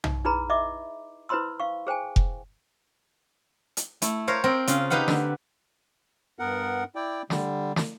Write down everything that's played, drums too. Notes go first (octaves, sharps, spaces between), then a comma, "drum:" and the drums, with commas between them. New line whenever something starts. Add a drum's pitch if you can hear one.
D#4, drum: tom B1
D#4 E4 G#4 B4 A#5 B5
D#5 E5 D6
E4 B4 C5 B5 C6 E6
F5 C#6
G#4 C5 G5 G#5
drum: kick F1
drum: hi-hat
A3 E4, drum: hi-hat
A#4 C5 C#5 F5
C4 A#4
C#3 F4, drum: hi-hat
D#4 G4 B4 F5 F#5
D3, drum: snare
G2 B3 A#4 F#5
E4 D5 G5
D3 G3, drum: snare
drum: snare